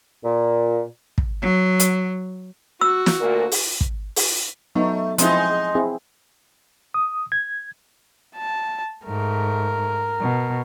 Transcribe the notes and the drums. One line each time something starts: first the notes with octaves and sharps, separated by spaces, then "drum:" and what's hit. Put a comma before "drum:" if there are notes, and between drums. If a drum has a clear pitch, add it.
A#2
drum: kick
F#3
drum: hi-hat
F#4 E6
drum: snare
D2 A#2 A#4
drum: open hi-hat
drum: kick
drum: open hi-hat
F#3 A3 B3 D#4
F3 G#3 C4 D#4 E4, drum: hi-hat
C4 E4 G#4
D#6
G#6
A5
G#2 A3 A#4
B2